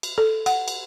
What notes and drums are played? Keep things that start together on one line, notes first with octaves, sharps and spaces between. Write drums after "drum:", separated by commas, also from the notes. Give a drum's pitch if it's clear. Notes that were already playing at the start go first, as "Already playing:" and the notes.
drum: cymbal
A4
F#5, drum: cymbal
drum: cymbal